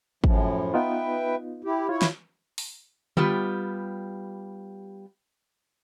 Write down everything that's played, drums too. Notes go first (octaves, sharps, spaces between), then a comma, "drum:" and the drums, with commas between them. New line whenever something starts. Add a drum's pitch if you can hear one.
F#2 A2 F3, drum: kick G#1
B3 D#4 F4 B4 E5 G5
E4 G4
E4 F4 C#5
drum: snare
drum: open hi-hat
G3 B3 F4 G4, drum: tom D3